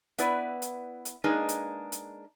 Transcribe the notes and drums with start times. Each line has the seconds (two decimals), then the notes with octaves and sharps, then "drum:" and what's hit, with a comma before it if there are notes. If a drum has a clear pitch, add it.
0.18 B3 E4 B4 D5, drum: hi-hat
0.62 drum: hi-hat
1.05 drum: hi-hat
1.24 G#3 A#3 D4 D#4 G#4 B4
1.49 drum: hi-hat
1.92 drum: hi-hat